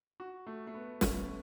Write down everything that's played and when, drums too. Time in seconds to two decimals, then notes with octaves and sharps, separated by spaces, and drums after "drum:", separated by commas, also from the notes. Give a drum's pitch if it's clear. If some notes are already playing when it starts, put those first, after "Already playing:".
0.20 F#4
0.47 A3
0.67 A3
0.74 B3
1.01 C#4, drum: snare